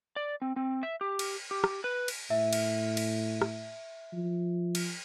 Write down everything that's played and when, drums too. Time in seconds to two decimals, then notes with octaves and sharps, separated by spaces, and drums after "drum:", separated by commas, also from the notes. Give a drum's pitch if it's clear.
0.16 D5
0.42 C4
0.56 C4
0.83 E5
1.01 G4
1.19 drum: cymbal
1.51 G4
1.64 drum: rim click
1.84 B4
2.08 drum: cymbal
2.30 A2 E5
2.53 drum: cymbal
2.97 drum: cymbal
3.41 drum: rim click
4.13 F3
4.75 drum: cymbal